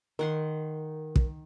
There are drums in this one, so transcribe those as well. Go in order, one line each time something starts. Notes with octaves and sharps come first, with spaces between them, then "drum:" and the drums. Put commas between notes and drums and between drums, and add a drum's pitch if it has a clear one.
D#3 A#4 F#5 C6
drum: kick